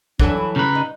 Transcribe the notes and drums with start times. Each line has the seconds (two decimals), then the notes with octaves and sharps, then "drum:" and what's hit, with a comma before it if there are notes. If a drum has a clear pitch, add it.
0.20 E3 F#3 D4 A4, drum: kick A#1
0.38 B5
0.56 C#3 B4 A#5
0.75 D#4